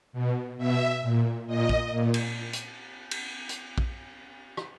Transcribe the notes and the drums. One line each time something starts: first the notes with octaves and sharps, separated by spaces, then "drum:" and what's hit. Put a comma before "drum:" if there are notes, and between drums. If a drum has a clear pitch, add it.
B2
B2 E5
A#2
A#2 D#5
drum: kick
A#2
drum: cymbal
drum: hi-hat
drum: cymbal
drum: hi-hat
drum: kick
drum: rim click